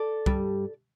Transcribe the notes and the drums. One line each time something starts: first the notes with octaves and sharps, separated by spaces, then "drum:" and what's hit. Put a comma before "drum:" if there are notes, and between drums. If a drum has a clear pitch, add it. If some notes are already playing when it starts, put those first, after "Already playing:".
Already playing: A4 D5
G2 G3, drum: kick